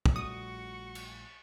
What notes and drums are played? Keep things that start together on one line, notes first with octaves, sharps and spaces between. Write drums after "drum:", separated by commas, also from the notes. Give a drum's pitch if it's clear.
drum: kick
A#1 G3 A3 F#4 C#6 D#6
drum: cymbal